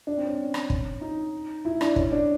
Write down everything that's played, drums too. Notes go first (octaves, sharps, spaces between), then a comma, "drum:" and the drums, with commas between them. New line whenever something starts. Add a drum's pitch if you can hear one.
D4
C4
C#4
drum: rim click
drum: kick
D#4
E4
D4, drum: rim click
C#4, drum: kick
D4